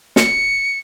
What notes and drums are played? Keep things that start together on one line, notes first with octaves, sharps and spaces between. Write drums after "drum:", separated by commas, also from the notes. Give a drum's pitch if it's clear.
C#7, drum: snare